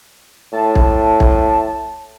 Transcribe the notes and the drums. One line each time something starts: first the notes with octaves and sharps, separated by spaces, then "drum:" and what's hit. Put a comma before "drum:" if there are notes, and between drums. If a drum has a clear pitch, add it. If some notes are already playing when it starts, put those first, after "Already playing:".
A2 A5
drum: kick
drum: kick